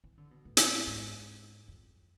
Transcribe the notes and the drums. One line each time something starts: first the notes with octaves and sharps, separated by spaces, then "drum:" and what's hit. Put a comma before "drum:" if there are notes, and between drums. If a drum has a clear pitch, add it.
E3
D3
B2
A2
drum: hi-hat
G#2
F2